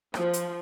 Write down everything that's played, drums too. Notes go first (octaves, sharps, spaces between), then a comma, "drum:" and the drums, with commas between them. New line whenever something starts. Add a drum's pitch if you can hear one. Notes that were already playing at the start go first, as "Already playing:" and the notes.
F3, drum: rim click
drum: hi-hat